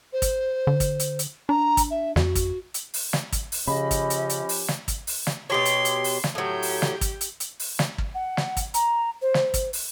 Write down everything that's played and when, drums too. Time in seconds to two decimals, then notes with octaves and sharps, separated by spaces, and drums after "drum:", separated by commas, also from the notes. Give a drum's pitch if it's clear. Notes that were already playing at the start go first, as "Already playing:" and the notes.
0.13 C5
0.22 drum: kick, hi-hat
0.67 D3
0.80 drum: kick, hi-hat
1.00 drum: hi-hat
1.19 drum: hi-hat
1.49 D4 A#5
1.77 drum: kick, hi-hat
1.91 E5
2.16 F2 F#4, drum: snare
2.35 drum: kick, hi-hat
2.74 drum: hi-hat
2.94 drum: open hi-hat
3.13 drum: snare
3.32 drum: kick, hi-hat
3.52 drum: open hi-hat
3.67 C#3 F3 C#4 G4 D#5 B5
3.91 drum: kick, hi-hat
4.10 drum: hi-hat
4.30 drum: hi-hat
4.49 drum: open hi-hat
4.68 drum: snare
4.88 drum: kick, hi-hat
5.07 drum: open hi-hat
5.27 drum: snare
5.50 B2 G4 C#5 C6
5.65 drum: hi-hat
5.85 drum: hi-hat
6.04 drum: open hi-hat
6.24 drum: snare
6.35 A2 F#3 G4
6.62 drum: open hi-hat
6.82 drum: snare
7.01 drum: kick, hi-hat
7.21 drum: hi-hat
7.40 drum: hi-hat
7.60 drum: open hi-hat
7.79 drum: snare
7.98 drum: kick
8.14 F#5
8.37 drum: snare
8.57 drum: kick, hi-hat
8.74 A#5, drum: hi-hat
9.21 C5
9.34 drum: snare
9.54 drum: kick, hi-hat
9.73 drum: open hi-hat